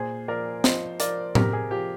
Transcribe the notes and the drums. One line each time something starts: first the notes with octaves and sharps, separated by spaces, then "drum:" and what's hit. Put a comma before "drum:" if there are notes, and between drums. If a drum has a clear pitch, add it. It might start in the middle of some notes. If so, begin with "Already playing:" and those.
Already playing: A#2 G#4 C5
F3 A#4 D5
F3 C5 D#5, drum: snare
F3 A#4 D5, drum: hi-hat
C3 G4 A#4, drum: tom A2
G#4
F3 G4